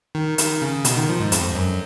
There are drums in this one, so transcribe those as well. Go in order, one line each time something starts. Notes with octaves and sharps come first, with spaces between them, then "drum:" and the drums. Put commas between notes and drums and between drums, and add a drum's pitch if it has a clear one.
D#3
D#3, drum: hi-hat
C#3
B2, drum: hi-hat
D#3
F3
G#2
F2, drum: hi-hat
F#2